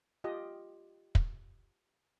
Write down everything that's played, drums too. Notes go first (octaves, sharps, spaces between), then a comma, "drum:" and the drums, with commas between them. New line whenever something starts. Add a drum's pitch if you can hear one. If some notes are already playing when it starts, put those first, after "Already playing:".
F4 G4 D#5
drum: kick